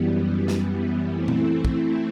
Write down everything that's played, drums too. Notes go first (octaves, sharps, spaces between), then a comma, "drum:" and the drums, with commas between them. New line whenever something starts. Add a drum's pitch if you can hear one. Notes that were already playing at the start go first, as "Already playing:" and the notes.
Already playing: F#2 E3 G3 B3
drum: snare
E3 A3 C4 E4
drum: tom A#2
drum: kick